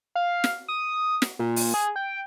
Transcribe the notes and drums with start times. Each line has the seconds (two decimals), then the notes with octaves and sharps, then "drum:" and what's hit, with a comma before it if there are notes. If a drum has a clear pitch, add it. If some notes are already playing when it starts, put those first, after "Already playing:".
0.15 F5
0.44 drum: snare
0.68 D#6
1.22 drum: snare
1.39 A#2
1.56 drum: open hi-hat
1.74 G#4
1.96 G5